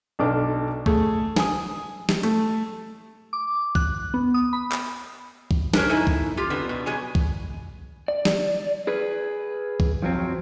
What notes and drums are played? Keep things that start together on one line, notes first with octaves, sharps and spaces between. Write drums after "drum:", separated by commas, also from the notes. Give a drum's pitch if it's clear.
B1 D4 A4 D6 F6
A3 G#4, drum: kick
G#5 D#6, drum: snare
drum: snare
A3, drum: hi-hat
D6
F#6, drum: kick
B3
D#6
B5
drum: clap
drum: kick
D4 G4 G#4 A#4 C5 C#5, drum: snare
B2 D#4 E4 A4 G#5
drum: kick
F4 G4
D3 B3 C4
B2
B2 F#3 G#4 G#5
drum: kick
D5
drum: snare
G#4 B4
drum: kick
F2 F3 F#3 C4